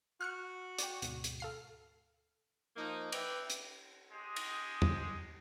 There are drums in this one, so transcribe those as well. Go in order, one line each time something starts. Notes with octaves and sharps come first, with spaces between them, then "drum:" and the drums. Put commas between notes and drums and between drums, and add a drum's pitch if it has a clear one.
F#4 F6 F#6 C#7
D5 G5, drum: hi-hat
D2 G#2 B2, drum: hi-hat
drum: hi-hat
A4 F5 C7
F3 A#3 D#4
B4 D5 E5 G5, drum: cymbal
drum: hi-hat
G#3 G4 D#5
drum: cymbal
drum: tom